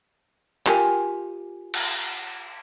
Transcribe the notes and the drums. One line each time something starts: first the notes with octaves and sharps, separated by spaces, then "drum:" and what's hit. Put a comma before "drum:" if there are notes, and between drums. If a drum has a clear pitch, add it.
F4 G4 A#4 G#5, drum: clap
drum: cymbal